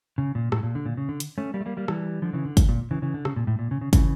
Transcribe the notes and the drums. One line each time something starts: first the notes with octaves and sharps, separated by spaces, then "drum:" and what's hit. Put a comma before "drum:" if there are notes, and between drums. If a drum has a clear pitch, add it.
C#3
A#2
A2, drum: rim click
A#2
D3
A#2
C#3
D3
drum: hi-hat
A3 C#4
G3 A#3
A3
G3 A#3
G3 A#3
E3 G3, drum: rim click
D3 F3
C#3 E3
D3
drum: kick, hi-hat
A#2
C#3 E3
C#3 E3
D3
C#3, drum: rim click
A#2
A2
A#2
C#3
C#3
C#3 E3, drum: kick, hi-hat